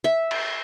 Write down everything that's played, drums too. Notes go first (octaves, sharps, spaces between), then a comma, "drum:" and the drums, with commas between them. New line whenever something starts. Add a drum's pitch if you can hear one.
E5
drum: cymbal